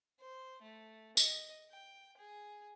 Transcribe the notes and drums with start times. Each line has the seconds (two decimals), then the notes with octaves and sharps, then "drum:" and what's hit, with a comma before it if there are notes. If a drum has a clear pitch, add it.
0.20 C5
0.62 A3
1.17 D#5, drum: tambourine
1.70 G5
2.17 G#4